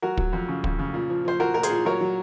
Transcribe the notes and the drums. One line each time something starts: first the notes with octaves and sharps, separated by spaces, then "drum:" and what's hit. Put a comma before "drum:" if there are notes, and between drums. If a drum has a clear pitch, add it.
F#3 F#4 A#4
F#3, drum: kick
F2
C#3
F2, drum: kick
C#3
A#2
F3
F3 C5
F3 F#4 A#4
A#2 A#4
G#4 C5, drum: hi-hat
A#2
F#3 A#4 C#5
F#3